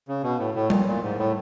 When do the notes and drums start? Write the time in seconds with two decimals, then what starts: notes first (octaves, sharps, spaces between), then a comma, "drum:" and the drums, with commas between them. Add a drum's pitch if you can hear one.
0.08 C#3
0.23 B2
0.39 A2
0.54 A2
0.70 A#2, drum: tom G3
0.86 A#2
1.02 G#2
1.18 A2